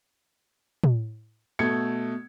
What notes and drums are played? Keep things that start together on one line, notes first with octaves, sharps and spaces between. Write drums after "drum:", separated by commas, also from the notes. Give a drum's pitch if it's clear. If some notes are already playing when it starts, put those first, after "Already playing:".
drum: tom
B2 A3 A4 G#6 C#7